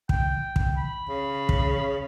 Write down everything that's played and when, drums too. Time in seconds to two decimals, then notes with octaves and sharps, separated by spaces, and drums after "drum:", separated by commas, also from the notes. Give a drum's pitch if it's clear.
0.09 G5, drum: kick
0.56 drum: kick
0.77 B5
1.09 C#3
1.49 drum: kick